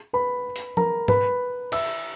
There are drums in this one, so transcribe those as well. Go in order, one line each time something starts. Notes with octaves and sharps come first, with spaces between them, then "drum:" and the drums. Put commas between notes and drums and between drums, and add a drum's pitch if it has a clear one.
B4 B5
drum: hi-hat
A#4 A#5, drum: tom F3
B4 B5, drum: tom
E5 E6, drum: cymbal